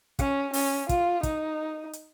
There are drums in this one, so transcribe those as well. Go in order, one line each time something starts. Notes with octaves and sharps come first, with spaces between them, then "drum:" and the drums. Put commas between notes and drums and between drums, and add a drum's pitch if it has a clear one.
C#4, drum: kick, hi-hat
C#4, drum: open hi-hat
F4, drum: kick, hi-hat
D#4, drum: kick, hi-hat
drum: hi-hat